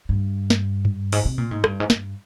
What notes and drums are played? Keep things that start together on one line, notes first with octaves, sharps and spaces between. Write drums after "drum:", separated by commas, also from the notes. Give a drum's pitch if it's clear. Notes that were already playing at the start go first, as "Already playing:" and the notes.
G2
drum: snare
drum: tom G2
G#2, drum: open hi-hat
C3
A#2
G#2
G2, drum: rim click
G#2
G2, drum: snare